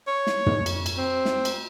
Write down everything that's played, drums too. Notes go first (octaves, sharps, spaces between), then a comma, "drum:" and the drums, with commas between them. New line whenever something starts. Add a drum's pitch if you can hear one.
C#5
drum: snare
drum: tom
drum: cymbal
drum: cymbal
C4
drum: snare
drum: cymbal